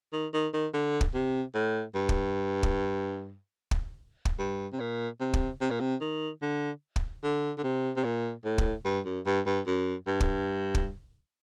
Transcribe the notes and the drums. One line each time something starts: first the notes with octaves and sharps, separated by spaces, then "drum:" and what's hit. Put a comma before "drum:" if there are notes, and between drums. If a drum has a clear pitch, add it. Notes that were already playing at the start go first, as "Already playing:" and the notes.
D#3
D#3
D#3
D3
drum: kick
C3
A2
G2
drum: kick
drum: kick
drum: kick
drum: kick
G2
C3
A#2
C3
drum: kick
C3
A#2
C3
D#3
D3
drum: kick
D3
D3
C3
C3
A#2
A2
drum: kick
G2
F#2
G2
G2
F#2
G2
drum: kick
drum: kick